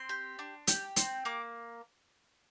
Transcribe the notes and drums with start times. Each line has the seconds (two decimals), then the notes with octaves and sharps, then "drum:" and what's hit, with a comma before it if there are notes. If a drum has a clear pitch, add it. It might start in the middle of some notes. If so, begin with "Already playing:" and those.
Already playing: C4 C6
0.09 G4
0.39 D4
0.67 G4, drum: hi-hat
0.96 C4, drum: hi-hat
1.25 A#3 D6